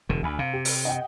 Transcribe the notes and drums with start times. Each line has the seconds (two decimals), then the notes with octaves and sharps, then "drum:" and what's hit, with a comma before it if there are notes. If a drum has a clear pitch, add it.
0.09 E1 D3
0.23 D2 G#5 B5
0.39 C3 F5
0.53 G4
0.65 drum: open hi-hat
0.85 D#5 F#5 G5